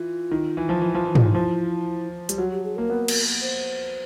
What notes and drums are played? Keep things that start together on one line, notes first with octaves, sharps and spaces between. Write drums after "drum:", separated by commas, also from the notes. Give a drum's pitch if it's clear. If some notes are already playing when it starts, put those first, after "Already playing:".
Already playing: E3 F4
D#3
E3
F3
E3
F3
E3
drum: tom
F3 E4
G3, drum: hi-hat
F#3 F#4
G4
G#4
A#3 A#4
B3
drum: cymbal
C5